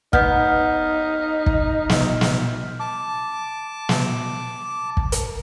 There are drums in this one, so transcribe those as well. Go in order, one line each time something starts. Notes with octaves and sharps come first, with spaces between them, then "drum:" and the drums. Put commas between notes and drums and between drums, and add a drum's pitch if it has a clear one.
B3 D#4 F6 G6 B6, drum: kick
drum: kick
drum: snare
drum: snare
A5 D6
drum: snare
drum: kick
drum: hi-hat